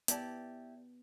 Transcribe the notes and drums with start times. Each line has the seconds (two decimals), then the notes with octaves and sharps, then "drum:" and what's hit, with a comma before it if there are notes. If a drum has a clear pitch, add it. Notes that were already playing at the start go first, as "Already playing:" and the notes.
0.08 B3 E4 G4 D5 A5, drum: hi-hat